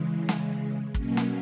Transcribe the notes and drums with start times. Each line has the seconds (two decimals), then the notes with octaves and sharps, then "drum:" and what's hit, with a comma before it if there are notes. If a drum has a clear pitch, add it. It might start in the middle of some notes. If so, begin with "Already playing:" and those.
Already playing: C#3 E3 G#3
0.29 drum: snare
0.94 B2 F#3 A#3 C#4, drum: kick
1.17 drum: snare